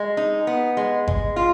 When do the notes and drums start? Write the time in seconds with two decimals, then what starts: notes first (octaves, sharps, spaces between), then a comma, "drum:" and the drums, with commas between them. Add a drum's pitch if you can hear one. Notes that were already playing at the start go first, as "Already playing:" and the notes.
Already playing: G#3
0.17 D#4
0.47 B3
0.77 G#3
1.07 G#3, drum: kick G#1
1.36 F4